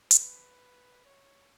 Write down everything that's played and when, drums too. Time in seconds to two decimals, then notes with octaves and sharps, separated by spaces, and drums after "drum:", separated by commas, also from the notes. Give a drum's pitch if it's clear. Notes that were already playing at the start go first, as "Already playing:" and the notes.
0.11 B4, drum: hi-hat
1.05 C#5